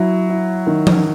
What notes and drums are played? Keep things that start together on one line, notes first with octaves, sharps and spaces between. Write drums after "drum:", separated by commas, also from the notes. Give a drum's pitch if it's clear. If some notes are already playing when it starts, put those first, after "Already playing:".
Already playing: F#3 E4
E4
D#3
drum: tom F3